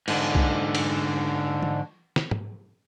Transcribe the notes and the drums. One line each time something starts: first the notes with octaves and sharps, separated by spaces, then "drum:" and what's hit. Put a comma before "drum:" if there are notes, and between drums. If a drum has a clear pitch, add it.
G#2 D3, drum: cymbal
drum: kick C2
drum: cymbal
drum: tom
drum: snare
drum: tom G#2